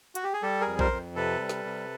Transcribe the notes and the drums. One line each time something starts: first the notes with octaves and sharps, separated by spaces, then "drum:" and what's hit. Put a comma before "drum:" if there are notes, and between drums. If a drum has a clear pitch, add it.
F#4, drum: hi-hat
G4
G#4
G3 G4 A4
G#4 A#4
F2
A#4 C5, drum: kick A#1
F2
C3 A4 B4
G3
drum: snare
C3